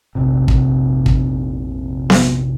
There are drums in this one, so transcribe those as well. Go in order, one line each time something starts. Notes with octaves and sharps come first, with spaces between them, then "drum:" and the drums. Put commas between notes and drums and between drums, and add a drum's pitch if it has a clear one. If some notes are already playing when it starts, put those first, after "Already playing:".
F1 A#1 C3
drum: kick
drum: kick
drum: snare B3